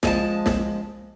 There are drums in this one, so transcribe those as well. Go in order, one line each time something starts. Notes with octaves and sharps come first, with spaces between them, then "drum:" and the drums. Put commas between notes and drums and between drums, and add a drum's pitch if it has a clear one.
F3 G#3 A5, drum: snare
drum: snare